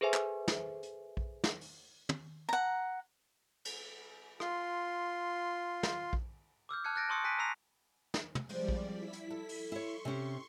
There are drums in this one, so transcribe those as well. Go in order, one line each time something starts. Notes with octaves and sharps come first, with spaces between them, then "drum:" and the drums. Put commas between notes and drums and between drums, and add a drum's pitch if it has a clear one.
G#4 A4 B4 C5 E5 G#5
drum: clap
drum: snare
drum: hi-hat
drum: kick A#1
drum: snare
drum: open hi-hat
drum: tom
F#5 A#5
drum: cymbal
F4 C6, drum: rim click
drum: snare
drum: kick A#1
D6 E6 F6 G6
A5 F6 F#6 G#6 C#7
F#6 G6 A6 A#6 D7
A5 C6 C#6 D#6 E6 C#7
G#5 F#6 B6 D7 D#7
A#5 E6 A#6 C7 F7
drum: snare
drum: tom
F3 G3 G#3 C4 D5 D#5, drum: open hi-hat
drum: kick A#1
E4 B6
drum: hi-hat
A4
drum: open hi-hat
E4 C#5 C6 C#6
C3 C#4